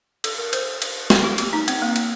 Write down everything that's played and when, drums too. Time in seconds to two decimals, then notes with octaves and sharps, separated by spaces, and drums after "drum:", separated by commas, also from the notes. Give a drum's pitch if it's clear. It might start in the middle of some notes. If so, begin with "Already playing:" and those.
0.24 A4, drum: cymbal
0.38 A#4
0.53 C5, drum: cymbal
0.82 drum: cymbal
1.10 F#4, drum: snare
1.24 G4
1.38 G4, drum: cymbal
1.53 D#4
1.68 C4, drum: cymbal
1.82 A#3
1.96 drum: cymbal